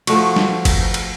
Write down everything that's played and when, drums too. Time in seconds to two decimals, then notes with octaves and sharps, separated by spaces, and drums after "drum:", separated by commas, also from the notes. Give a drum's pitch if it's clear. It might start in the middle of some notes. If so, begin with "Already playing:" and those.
0.07 F3 A3 F#4, drum: cymbal
0.36 drum: snare
0.65 drum: kick, cymbal
0.94 drum: cymbal